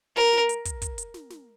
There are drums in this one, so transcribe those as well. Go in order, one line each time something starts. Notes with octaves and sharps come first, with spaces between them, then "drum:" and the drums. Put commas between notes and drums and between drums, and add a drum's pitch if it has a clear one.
A#4, drum: snare
drum: snare
drum: hi-hat
drum: kick, hi-hat
drum: kick, hi-hat
drum: hi-hat
drum: snare
drum: snare